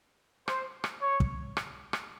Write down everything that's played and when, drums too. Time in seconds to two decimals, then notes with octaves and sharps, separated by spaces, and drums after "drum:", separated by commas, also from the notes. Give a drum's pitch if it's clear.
0.48 C5, drum: rim click
0.84 drum: rim click
1.02 C#5
1.20 drum: kick
1.57 drum: rim click
1.93 drum: rim click